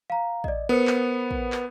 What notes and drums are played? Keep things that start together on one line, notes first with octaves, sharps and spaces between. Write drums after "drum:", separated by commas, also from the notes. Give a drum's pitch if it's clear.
F5 A#5
D5 D#5, drum: kick
B3 A#4 C5 C#7
drum: clap
drum: kick
drum: clap